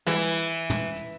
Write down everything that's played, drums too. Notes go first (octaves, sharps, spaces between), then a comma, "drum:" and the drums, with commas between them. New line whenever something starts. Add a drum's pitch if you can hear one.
E3, drum: snare
drum: tom
drum: hi-hat